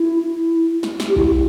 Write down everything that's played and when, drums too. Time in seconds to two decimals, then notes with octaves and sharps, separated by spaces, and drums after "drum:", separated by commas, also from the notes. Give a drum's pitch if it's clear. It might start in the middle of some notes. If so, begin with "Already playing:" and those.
Already playing: E4
0.83 drum: snare
1.00 drum: snare
1.09 G4
1.17 E4, drum: kick B1